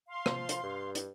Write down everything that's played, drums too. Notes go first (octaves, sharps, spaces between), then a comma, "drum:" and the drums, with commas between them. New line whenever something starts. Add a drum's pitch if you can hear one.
F5 C6
F3, drum: rim click
drum: hi-hat
G2
drum: hi-hat